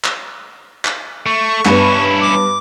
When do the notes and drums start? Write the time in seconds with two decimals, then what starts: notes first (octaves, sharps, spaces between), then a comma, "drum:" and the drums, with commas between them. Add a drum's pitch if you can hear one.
0.05 drum: clap
0.85 drum: clap
1.26 A3 C#6
1.65 G2 B3 C#4 E4, drum: clap
2.21 D6